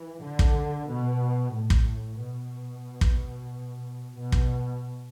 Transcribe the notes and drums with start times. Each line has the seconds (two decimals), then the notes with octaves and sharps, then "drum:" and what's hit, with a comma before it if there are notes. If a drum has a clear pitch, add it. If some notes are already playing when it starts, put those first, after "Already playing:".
Already playing: E3
0.22 D3
0.39 drum: kick
0.88 B2
1.54 A2
1.70 drum: kick
2.19 B2
3.01 drum: kick
4.16 B2
4.32 drum: kick